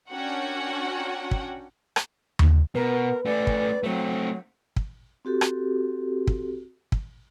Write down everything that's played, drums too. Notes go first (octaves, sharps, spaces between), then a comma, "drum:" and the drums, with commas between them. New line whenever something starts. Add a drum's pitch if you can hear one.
C#4 D4 F#4 A#4 F#5 G5
drum: kick
drum: rim click
drum: tom D#2
B2 A#4 B4
A3 C#4 D5
drum: kick
F#3 A3 C4
drum: kick
C4 F#4 G4 A4
drum: rim click
drum: kick
drum: kick